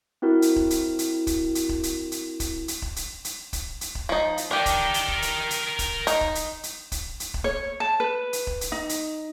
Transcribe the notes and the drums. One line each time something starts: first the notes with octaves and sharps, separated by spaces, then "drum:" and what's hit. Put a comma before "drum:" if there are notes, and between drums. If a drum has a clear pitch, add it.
C4 E4 F#4 A#4
drum: hi-hat
drum: kick
drum: hi-hat
drum: hi-hat
drum: kick, hi-hat
drum: hi-hat
drum: kick
drum: hi-hat
drum: hi-hat
drum: kick, hi-hat
drum: hi-hat
drum: kick
drum: hi-hat
drum: hi-hat
drum: kick, hi-hat
drum: hi-hat
drum: kick
F3 D#4
drum: hi-hat
D4 G4 A#4 G5
drum: kick, hi-hat
drum: hi-hat
drum: kick
drum: hi-hat
drum: hi-hat
drum: kick, hi-hat
D#4, drum: hi-hat
drum: kick
drum: hi-hat
drum: hi-hat
drum: kick, hi-hat
drum: hi-hat
drum: kick
C#5
A5
B4
drum: hi-hat
drum: kick
drum: hi-hat
D#4
drum: hi-hat